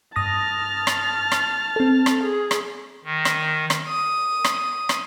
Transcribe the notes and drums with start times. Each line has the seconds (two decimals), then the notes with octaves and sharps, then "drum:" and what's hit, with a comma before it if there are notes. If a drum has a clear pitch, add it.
0.16 G2 A5 D#6 F6 A#6
0.87 drum: rim click
1.32 drum: rim click
1.76 C4 A4
2.06 drum: rim click
2.23 G#4
2.51 drum: rim click
3.04 D#3
3.25 drum: rim click
3.70 drum: rim click
3.88 D#6
4.44 drum: rim click
4.89 drum: rim click